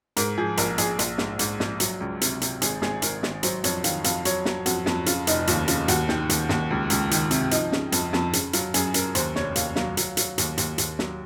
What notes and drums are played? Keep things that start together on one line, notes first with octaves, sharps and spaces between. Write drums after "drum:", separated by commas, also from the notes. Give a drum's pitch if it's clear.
G#2 A#4, drum: hi-hat
F3 G#4
A#1 A#4, drum: hi-hat
A#1 G#4, drum: hi-hat
A#1, drum: hi-hat
G#2, drum: snare
G#2, drum: hi-hat
A#1, drum: snare
F#3, drum: hi-hat
C#2
C3, drum: hi-hat
C3, drum: hi-hat
G#1 G#4, drum: hi-hat
G#1 G#4, drum: snare
G#1 A#4, drum: hi-hat
G#1, drum: snare
F#3 C5, drum: hi-hat
F2 C#5, drum: hi-hat
D#3 F5, drum: hi-hat
F2 F5, drum: hi-hat
F#3 C#5, drum: hi-hat
F#3, drum: snare
F2 F#4, drum: hi-hat
F2, drum: snare
C#3 F4, drum: hi-hat
F1 D#4, drum: hi-hat
D#2 F4, drum: hi-hat
C#3 F4, drum: hi-hat
D#2 F#4, drum: hi-hat
D#3, drum: snare
D#2, drum: hi-hat
D#2, drum: snare
C#2
C#2, drum: hi-hat
D#3, drum: hi-hat
C3, drum: hi-hat
F3 D#4, drum: hi-hat
C#3, drum: snare
F2, drum: hi-hat
F2, drum: snare
C#3, drum: hi-hat
F#3 F4, drum: hi-hat
F#2 G#4, drum: hi-hat
C#3 A#4, drum: hi-hat
D#2 C5, drum: hi-hat
F1 C#5, drum: snare
D#2 F5, drum: hi-hat
F#3 F5, drum: snare
F#3, drum: hi-hat
F#3, drum: hi-hat
D#2, drum: hi-hat
D#2, drum: hi-hat
D#2, drum: hi-hat
F#3, drum: snare